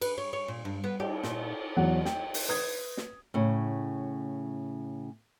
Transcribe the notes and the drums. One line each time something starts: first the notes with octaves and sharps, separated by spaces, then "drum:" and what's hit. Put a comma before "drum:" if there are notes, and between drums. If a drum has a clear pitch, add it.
B4, drum: cymbal
C#5
C#5
A#2
G2
B3
G4, drum: cymbal
A#2, drum: snare
E2 F#3 F#5
G5, drum: snare
drum: open hi-hat
B4 D#6 G#6
drum: snare
A2 C#3